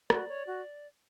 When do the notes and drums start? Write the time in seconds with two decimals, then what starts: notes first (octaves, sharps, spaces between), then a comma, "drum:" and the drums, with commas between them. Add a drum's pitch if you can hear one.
0.10 F#4 D5, drum: rim click
0.28 C#5
0.46 F#4